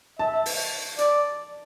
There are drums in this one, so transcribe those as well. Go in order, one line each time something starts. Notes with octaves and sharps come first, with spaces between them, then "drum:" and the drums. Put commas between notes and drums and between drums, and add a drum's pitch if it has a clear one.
E5 A5
drum: open hi-hat
D5, drum: hi-hat